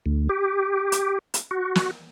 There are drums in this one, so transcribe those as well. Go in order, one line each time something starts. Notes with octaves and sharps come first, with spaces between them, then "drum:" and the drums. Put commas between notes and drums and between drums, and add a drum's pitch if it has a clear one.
D2
G4
drum: hi-hat
drum: hi-hat
F#4
drum: snare